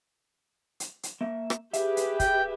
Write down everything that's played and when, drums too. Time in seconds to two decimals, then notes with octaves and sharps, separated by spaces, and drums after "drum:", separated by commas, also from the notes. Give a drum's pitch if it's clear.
0.80 drum: hi-hat
1.03 drum: hi-hat
1.21 A#3 E5
1.50 drum: rim click
1.73 G4 G#4 B4 E5, drum: hi-hat
1.97 drum: hi-hat
2.20 G5, drum: kick, hi-hat